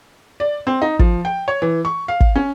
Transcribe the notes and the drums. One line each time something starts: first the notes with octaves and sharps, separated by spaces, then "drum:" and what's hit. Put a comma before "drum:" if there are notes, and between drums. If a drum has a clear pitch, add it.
D5
C4
D#4
F3, drum: kick
G5
C#5
E3
C#6
F5
drum: kick
C#4